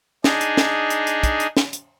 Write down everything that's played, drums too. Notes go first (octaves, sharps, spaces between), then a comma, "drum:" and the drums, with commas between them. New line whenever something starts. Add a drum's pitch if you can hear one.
D4 D#4 G#4, drum: snare
drum: hi-hat
drum: snare
drum: hi-hat
drum: hi-hat
drum: kick, hi-hat
drum: hi-hat
drum: snare
drum: hi-hat